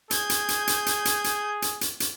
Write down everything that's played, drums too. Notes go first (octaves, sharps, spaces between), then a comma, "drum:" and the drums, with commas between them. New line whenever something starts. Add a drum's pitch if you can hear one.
G#4 G6 G#6, drum: hi-hat
drum: hi-hat
drum: hi-hat
drum: hi-hat
drum: hi-hat
drum: hi-hat
drum: hi-hat
drum: hi-hat
drum: hi-hat
drum: hi-hat